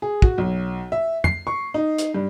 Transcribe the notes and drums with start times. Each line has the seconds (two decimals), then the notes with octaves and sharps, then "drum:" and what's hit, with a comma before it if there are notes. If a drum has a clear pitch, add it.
0.02 G#4
0.22 F#4, drum: kick
0.38 B1
0.92 E5
1.24 C7, drum: tom
1.47 C#6
1.74 D#4
1.98 drum: hi-hat
2.14 G2